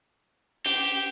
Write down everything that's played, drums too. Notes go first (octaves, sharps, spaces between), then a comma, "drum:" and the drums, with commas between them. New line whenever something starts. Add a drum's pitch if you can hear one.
G4, drum: cymbal